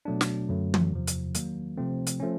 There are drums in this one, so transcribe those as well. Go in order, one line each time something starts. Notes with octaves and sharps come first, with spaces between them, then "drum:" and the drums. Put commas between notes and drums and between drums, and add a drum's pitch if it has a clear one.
B2 F#3 A3 D4
drum: snare
F#2 D3 F#3 A3
drum: tom
E2 C3 F3
drum: hi-hat
D#3 F#3 A#3, drum: hi-hat
C3 F3 A3 C4
drum: hi-hat
F3 A3 C#4